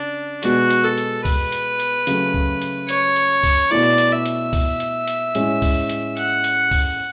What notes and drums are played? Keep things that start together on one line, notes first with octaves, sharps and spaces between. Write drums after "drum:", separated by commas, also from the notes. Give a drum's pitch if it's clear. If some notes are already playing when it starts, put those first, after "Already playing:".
Already playing: C#3 D4
B2 G#3 B3 F#4, drum: hi-hat
drum: hi-hat
A4
drum: hi-hat
B4, drum: kick C2, open hi-hat
drum: hi-hat
drum: hi-hat
C#3 F#3 A3, drum: hi-hat
drum: kick C2
drum: hi-hat
C#5, drum: hi-hat
drum: hi-hat
drum: kick C2, open hi-hat
B2 A3 E4 D5
drum: hi-hat
E5
drum: hi-hat
drum: kick C2, open hi-hat
drum: hi-hat
drum: hi-hat
A2 G#3 C#4, drum: hi-hat
drum: kick C2, open hi-hat
drum: hi-hat
F#5, drum: hi-hat
drum: hi-hat
drum: kick C2, open hi-hat